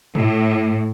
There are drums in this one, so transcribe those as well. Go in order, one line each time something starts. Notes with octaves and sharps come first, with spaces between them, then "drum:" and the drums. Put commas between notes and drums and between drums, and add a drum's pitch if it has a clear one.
A2, drum: tom A#2